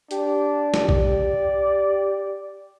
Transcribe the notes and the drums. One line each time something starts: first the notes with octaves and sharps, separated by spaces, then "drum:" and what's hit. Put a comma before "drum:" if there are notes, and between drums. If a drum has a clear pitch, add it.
D4 G4, drum: hi-hat
drum: snare
D5, drum: kick B1